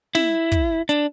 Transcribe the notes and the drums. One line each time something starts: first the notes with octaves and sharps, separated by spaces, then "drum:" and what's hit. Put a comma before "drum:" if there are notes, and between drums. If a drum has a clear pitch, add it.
E4, drum: snare
drum: kick, hi-hat
D4, drum: hi-hat